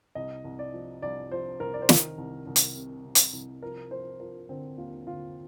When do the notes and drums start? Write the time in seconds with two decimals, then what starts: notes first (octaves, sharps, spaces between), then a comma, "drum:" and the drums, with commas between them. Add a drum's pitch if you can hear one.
0.15 C2 D#5
0.45 C2
0.59 D5
0.73 F3
1.02 C2 D5
1.31 F3 C5
1.60 C2 A#4
1.74 D5
1.82 C5
1.89 D#3 A#4, drum: snare
2.18 C2
2.47 C2
2.56 drum: hi-hat
2.76 C3
3.05 C3
3.15 drum: hi-hat
3.33 C2
3.62 F3 A#4
3.91 F3 C5
4.20 F3 A#4
4.49 D3 C4
4.78 D#2 F4
5.07 D3 F4